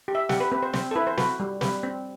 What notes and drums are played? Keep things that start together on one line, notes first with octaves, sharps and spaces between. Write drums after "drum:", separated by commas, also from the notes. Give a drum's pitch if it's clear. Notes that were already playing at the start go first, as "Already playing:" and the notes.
G4
E5
G4 F#5, drum: snare
B4
C4 B4
C5
C4 C5, drum: snare
A4
E4 B4
C5
F#4 B4, drum: snare
G3
G3 B4, drum: snare
C4